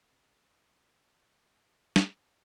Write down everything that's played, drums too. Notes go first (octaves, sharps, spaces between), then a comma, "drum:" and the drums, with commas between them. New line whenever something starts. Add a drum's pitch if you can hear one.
A1 C3 C#4
G#2
drum: snare